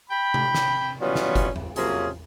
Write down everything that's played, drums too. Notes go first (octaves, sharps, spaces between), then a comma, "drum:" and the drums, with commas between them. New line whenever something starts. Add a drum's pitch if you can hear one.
G5 B5
drum: tom C3
drum: snare
E3 F#3 G3 B3 C#4 F4
drum: snare
drum: kick F#1, hi-hat
drum: tom E2
C3 F3 F#3 A#3 C#4 G#4, drum: hi-hat